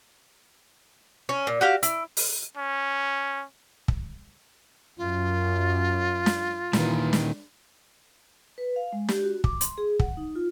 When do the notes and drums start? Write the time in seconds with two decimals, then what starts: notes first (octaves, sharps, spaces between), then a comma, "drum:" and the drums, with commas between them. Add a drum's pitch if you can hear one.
1.29 C#4
1.47 A#2
1.61 F#4 G4 F5
1.83 E4, drum: hi-hat
2.17 drum: open hi-hat
2.57 C#4
3.88 drum: kick
4.98 F#2 F4
6.26 drum: snare
6.73 A#2 D#3 E3, drum: snare
7.13 drum: snare
8.58 B4
8.76 F5
8.93 G#3
9.09 G4, drum: snare
9.23 F#4
9.44 D6, drum: kick
9.61 C6, drum: hi-hat
9.78 G#4
9.99 F#5, drum: kick
10.17 D#4
10.36 F4